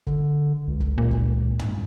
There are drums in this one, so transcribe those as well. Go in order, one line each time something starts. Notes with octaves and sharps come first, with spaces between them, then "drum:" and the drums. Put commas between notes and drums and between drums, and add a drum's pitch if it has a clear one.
D3, drum: kick
C#2
drum: kick
A#2
drum: kick
drum: tom